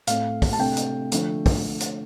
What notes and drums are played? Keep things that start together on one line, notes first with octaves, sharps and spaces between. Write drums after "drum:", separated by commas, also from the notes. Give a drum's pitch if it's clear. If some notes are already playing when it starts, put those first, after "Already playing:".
A2 A3 C4 F5, drum: hi-hat
drum: kick, open hi-hat
A5
C3 A3 D4 G5
drum: hi-hat
D3 F3 A3, drum: hi-hat
drum: kick, open hi-hat
drum: hi-hat